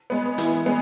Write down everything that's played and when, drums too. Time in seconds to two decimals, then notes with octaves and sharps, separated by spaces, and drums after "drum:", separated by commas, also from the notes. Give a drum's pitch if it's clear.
0.10 G#3 B3
0.38 E3, drum: hi-hat
0.66 G#3 B3